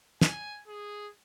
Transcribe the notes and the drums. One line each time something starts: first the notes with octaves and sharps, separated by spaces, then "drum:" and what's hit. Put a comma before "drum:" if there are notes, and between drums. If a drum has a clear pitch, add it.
G#5, drum: snare
G#4